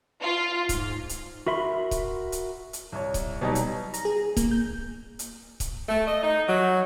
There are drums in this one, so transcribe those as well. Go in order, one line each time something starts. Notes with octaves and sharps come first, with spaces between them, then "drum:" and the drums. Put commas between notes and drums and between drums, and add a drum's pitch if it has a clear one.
F4
G#2, drum: kick C#1, hi-hat
drum: hi-hat
F#4 A#4 E5 B5 C6
drum: kick C#1, hi-hat
drum: hi-hat
drum: hi-hat
C2 C#5
drum: kick C#1, hi-hat
B2 F#3 G3 D#4
drum: hi-hat
A#5, drum: hi-hat
G#4
A#3, drum: kick C#1, hi-hat
G6
drum: hi-hat
drum: kick C#1, hi-hat
A3
D#5
D#4
F#3